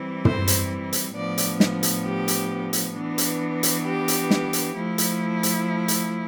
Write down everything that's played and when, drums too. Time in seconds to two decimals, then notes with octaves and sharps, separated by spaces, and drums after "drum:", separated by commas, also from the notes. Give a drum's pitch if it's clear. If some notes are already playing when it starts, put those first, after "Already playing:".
Already playing: E3 G3 C4 E4
0.25 C5, drum: tom
0.47 drum: hi-hat
0.93 drum: hi-hat
1.14 A2 F3 B3 D4 D5
1.38 drum: hi-hat
1.60 drum: snare
1.83 drum: hi-hat
2.05 G4
2.28 drum: hi-hat
2.73 drum: hi-hat
2.95 E3 B3 D4
3.18 drum: hi-hat
3.63 drum: hi-hat
3.86 G4
4.08 drum: hi-hat
4.31 drum: snare
4.53 drum: hi-hat
4.76 F3 A3 E4
4.98 drum: hi-hat
5.43 drum: hi-hat
5.88 drum: hi-hat